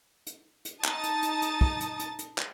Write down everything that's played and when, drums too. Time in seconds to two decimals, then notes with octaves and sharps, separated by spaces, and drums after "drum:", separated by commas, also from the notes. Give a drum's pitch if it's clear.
0.27 drum: hi-hat
0.65 drum: hi-hat
0.84 D#4 A5 D#6 A6, drum: clap
1.03 drum: hi-hat
1.23 drum: hi-hat
1.42 drum: hi-hat
1.61 drum: kick
1.80 drum: hi-hat
2.00 drum: hi-hat
2.19 drum: hi-hat
2.38 drum: clap